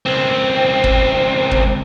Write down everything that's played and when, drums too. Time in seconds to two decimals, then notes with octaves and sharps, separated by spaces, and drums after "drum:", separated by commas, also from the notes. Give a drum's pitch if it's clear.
0.06 C#2 C4
0.84 drum: kick
1.51 drum: kick